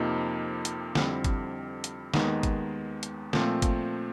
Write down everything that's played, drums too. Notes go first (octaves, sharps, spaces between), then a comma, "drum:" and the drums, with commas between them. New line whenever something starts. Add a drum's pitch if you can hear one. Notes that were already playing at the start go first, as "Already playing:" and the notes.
Already playing: F2 C3 F3 A#3 D#4
drum: hi-hat
F2 D3 G3 C4 E4, drum: snare
drum: kick, hi-hat
drum: hi-hat
D#2 D#3 G#3 B3 D#4, drum: snare
drum: kick, hi-hat
drum: hi-hat
A#2 F3 A3 C4 F4, drum: snare
drum: kick, hi-hat